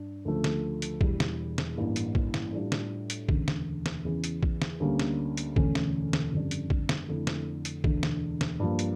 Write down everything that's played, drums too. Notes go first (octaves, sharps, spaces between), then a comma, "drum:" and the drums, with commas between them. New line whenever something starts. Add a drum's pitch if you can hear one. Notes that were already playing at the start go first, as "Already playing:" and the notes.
Already playing: G2 D4
D2 C#3 F3 A3
drum: snare
drum: hi-hat
E1 E2 E3 G3, drum: kick
drum: snare
drum: snare
A1 G2 E3 A#3
drum: hi-hat
drum: kick
drum: snare
A2 G3 D4 F4
drum: snare
drum: hi-hat
E1 D2 C#3, drum: kick
drum: snare
drum: snare
E2 C#3 E3
drum: hi-hat
drum: kick
drum: snare
D2 D3 G3 A#3 C#4
drum: snare
drum: hi-hat
E1 D2 D3 A3 C#4, drum: kick
drum: snare
drum: snare
G1 F2 C#3 G3 D4
drum: hi-hat
drum: kick
drum: snare
F2 D3 A3 E4
drum: snare
drum: hi-hat
E1 D2 D3, drum: kick
drum: snare
drum: snare
G2 F3 A#3
drum: hi-hat